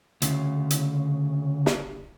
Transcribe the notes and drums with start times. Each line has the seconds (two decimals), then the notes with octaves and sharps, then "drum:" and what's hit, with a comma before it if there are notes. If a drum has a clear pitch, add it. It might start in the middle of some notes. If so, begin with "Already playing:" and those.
0.22 D2 C#3, drum: hi-hat
0.70 drum: hi-hat
1.66 drum: snare